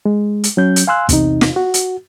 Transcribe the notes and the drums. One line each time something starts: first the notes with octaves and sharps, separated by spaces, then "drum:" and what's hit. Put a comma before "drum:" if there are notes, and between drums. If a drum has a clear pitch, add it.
G#3
drum: hi-hat
F#3 C#4 G6
drum: hi-hat
F5 G#5 C6 E6 F#6
E2 C3 D#4, drum: kick, hi-hat
drum: snare
F#4
drum: hi-hat